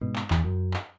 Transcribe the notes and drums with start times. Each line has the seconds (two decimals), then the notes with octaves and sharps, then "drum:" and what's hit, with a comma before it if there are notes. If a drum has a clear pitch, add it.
0.01 G#2 B2
0.16 drum: clap
0.31 E2, drum: clap
0.44 F#2
0.74 drum: clap